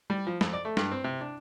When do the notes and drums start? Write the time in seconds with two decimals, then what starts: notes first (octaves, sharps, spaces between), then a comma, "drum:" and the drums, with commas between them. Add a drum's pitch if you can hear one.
0.10 G3
0.27 F3
0.41 F2, drum: snare
0.53 D5
0.65 A3
0.77 G2, drum: snare
0.92 C4
1.04 C3
1.21 D4